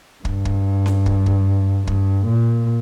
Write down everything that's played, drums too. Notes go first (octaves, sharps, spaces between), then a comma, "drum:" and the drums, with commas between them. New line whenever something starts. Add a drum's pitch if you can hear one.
G2, drum: kick
drum: kick
drum: snare C#4
drum: kick
drum: kick
G2, drum: kick
A#2